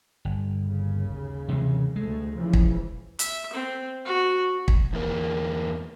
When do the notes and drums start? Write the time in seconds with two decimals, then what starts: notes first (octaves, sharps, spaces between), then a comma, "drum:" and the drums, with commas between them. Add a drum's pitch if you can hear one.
0.25 G1
0.61 D#2 C#3
1.48 C3 E3 G#3
1.96 D2 G#3 A3
2.36 C#3 E3 F3
2.53 drum: kick
3.19 E5, drum: hi-hat
3.53 C4
4.05 F#4
4.68 drum: kick
4.93 E2 A#3